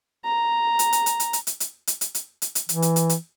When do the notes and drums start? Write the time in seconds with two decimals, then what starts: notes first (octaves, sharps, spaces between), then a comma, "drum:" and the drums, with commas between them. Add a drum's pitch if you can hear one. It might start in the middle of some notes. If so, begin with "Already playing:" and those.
0.25 A#5
0.79 drum: hi-hat
0.93 drum: hi-hat
1.06 drum: hi-hat
1.20 drum: hi-hat
1.33 drum: hi-hat
1.47 drum: hi-hat
1.60 drum: hi-hat
1.87 drum: hi-hat
2.01 drum: hi-hat
2.15 drum: hi-hat
2.42 drum: hi-hat
2.55 drum: hi-hat
2.69 E3, drum: hi-hat
2.82 drum: hi-hat
2.96 drum: hi-hat
3.09 drum: hi-hat